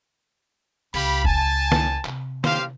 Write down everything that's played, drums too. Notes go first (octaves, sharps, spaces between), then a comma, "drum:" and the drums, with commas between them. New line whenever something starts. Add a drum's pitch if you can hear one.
C#2 G4 F5 B5, drum: open hi-hat
G#5 A5, drum: kick
drum: snare
C3, drum: clap
G4 C5 F5, drum: snare